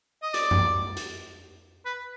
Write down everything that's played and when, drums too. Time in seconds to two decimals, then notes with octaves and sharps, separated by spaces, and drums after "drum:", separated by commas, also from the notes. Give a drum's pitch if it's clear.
0.23 D#5
0.34 D5, drum: hi-hat
0.51 drum: tom F#2
0.97 drum: hi-hat
1.86 B4